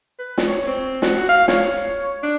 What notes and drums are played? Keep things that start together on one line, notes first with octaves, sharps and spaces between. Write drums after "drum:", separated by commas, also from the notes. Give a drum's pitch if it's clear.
B4
drum: snare
C#5
C4
F#4, drum: snare
F5
C#5, drum: snare
D4